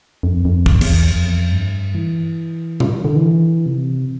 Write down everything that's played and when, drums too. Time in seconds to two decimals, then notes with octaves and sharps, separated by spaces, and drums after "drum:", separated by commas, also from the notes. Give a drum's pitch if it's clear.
0.23 F2
0.45 F2
0.66 E2, drum: kick
0.74 F2
0.81 E2, drum: cymbal
1.10 F2
1.52 G2
1.95 E3
2.80 F3, drum: tom B2
2.93 E3
3.05 D3
3.16 E3
3.66 C3